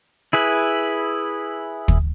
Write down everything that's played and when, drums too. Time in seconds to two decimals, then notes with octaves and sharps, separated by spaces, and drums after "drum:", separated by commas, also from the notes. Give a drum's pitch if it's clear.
0.33 E4 G#4 B4
1.88 drum: kick